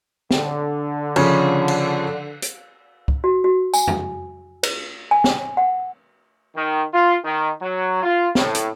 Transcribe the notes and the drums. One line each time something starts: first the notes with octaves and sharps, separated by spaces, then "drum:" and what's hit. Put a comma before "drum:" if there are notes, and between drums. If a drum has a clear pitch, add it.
D3, drum: snare
C#3 F3 C#4, drum: cymbal
drum: cymbal
drum: hi-hat
drum: kick
F#4
F#4
G#5, drum: tambourine
drum: tom
B4, drum: cymbal
G#5
drum: snare
F#5
D#3
F4
D#3
F#3
F4
A2, drum: snare
drum: hi-hat